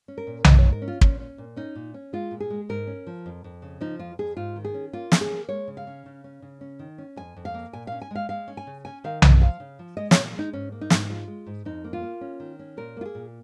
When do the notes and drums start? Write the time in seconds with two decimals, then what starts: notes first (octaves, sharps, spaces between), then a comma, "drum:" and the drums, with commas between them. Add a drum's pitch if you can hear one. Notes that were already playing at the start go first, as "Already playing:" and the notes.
0.08 C#4
0.18 A#4
0.27 A#2
0.44 G#2 D#5, drum: tom B1
0.59 G#2 C#5
0.72 A#4
0.82 C#4
0.88 F4
1.01 A#2 C#4, drum: kick
1.19 C#4
1.38 A#2
1.56 C#4 D#4
1.75 A#2
1.94 C#4
2.13 G#3 F4
2.31 A#2
2.40 G#4
2.50 G#3
2.69 G#2 A#4
2.87 C#4
3.07 F3
3.26 F2
3.44 F2
3.62 C#3
3.81 F3 D#4
3.99 F2 F4
4.19 F2 G#4
4.37 G#2 F4
4.56 D#3
4.65 G#4
4.74 C#4
4.93 A#3 F4
5.12 C#4, drum: snare
5.21 G#4
5.31 A#3
5.49 G#3 C#5
5.68 C#3
5.77 F5
5.87 C#4
6.06 C#3
6.24 C#4
6.42 C#3
6.61 C#4
6.79 D#3
6.98 C#4
7.16 F2 G#5
7.37 F2
7.45 F5
7.54 A#3
7.73 A#2 G#5
7.87 C#4 F5
8.02 G#5
8.11 G#3 F5
8.29 G#3 F5
8.48 C#4
8.57 G#5
8.67 C#3
8.85 C#4 G#5
9.04 D#3 F5
9.22 C#4 D#5, drum: tom B1
9.41 F3 F5
9.60 C#3
9.79 F3
9.97 G#3 D#5
10.11 C#5, drum: snare
10.16 A#2
10.35 G#3 D#4
10.53 G#2 C#4
10.72 A#3
10.81 D#4
10.90 G#2, drum: snare
11.09 G#3 F4
11.28 G#3
11.46 G#2
11.65 F2 D#4
11.84 A#3
11.93 F4
12.03 A#3
12.21 C#4
12.40 D#3
12.59 C#4
12.77 A#2 A#4
12.97 A#3 F4
13.05 G#4
13.15 A#2